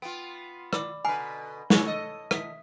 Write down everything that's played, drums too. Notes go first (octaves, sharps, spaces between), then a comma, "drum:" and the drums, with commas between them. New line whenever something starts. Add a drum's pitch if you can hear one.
B3 F4 G5
D5 B5 D6, drum: rim click
B2 D3 B4 G#5 A#5 F6 C7
A3 C#4 E4 C#6 F#6 C#7, drum: snare
A4 D#5
E5 D#6 B6, drum: rim click